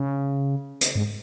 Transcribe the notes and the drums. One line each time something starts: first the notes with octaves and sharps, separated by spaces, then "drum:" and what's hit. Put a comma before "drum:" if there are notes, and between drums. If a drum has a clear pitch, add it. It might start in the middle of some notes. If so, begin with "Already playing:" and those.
Already playing: C#3
drum: hi-hat
G#2